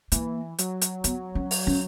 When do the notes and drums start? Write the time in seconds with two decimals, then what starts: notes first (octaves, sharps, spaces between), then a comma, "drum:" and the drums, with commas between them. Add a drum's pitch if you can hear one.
0.12 E3 A#3, drum: hi-hat
0.59 F#3, drum: hi-hat
0.82 drum: hi-hat
1.04 B3, drum: hi-hat
1.35 C#4
1.51 drum: open hi-hat
1.67 C#4